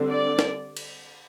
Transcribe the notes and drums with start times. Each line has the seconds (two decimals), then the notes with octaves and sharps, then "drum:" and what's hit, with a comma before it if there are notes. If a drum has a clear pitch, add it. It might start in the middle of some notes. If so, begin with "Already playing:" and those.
Already playing: D3 G3 C4
0.10 D5
0.39 drum: snare
0.77 drum: cymbal